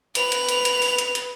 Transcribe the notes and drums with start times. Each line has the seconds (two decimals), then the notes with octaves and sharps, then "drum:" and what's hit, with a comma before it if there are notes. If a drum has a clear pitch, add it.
0.15 B4 F7, drum: hi-hat
0.32 drum: hi-hat
0.49 drum: hi-hat
0.65 drum: hi-hat
0.82 drum: open hi-hat
0.98 drum: hi-hat
1.15 drum: hi-hat